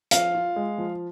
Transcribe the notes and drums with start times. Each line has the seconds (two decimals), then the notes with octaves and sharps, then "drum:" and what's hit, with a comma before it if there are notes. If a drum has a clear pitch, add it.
0.11 F3 F5, drum: hi-hat
0.34 F4
0.56 G#3
0.78 F3